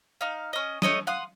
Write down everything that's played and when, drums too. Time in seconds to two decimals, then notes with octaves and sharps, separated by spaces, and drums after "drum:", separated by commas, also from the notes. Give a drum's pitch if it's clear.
0.21 D#4 F5
0.53 C#4 D#5
0.82 A3 C#5 D#5 D#6, drum: snare
1.07 F5 F#5 C6 D#6